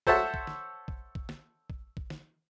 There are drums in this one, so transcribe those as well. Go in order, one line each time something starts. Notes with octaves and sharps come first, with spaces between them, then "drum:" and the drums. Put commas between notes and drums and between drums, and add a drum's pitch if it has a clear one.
A4 C5 C#5 E5 F#5 A5, drum: kick A#1
drum: kick A#1
drum: snare
drum: kick A#1
drum: kick A#1
drum: snare
drum: kick A#1
drum: kick A#1
drum: snare